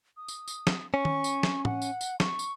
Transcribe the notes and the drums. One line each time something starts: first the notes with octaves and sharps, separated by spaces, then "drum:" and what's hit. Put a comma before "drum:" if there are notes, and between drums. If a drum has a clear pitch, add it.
D#6
drum: tambourine
drum: tambourine
drum: snare
C#4 C#6
drum: tom D#3
drum: tambourine
drum: snare
F#5, drum: tom
drum: tambourine
drum: tambourine
C#6, drum: snare
drum: tambourine